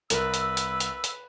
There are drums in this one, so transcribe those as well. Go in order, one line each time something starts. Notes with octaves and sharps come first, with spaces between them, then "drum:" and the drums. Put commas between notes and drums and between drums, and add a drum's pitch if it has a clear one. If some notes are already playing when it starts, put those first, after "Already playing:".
C2 A#4 B4 E6 F#6, drum: hi-hat
drum: hi-hat
drum: hi-hat
drum: hi-hat
drum: hi-hat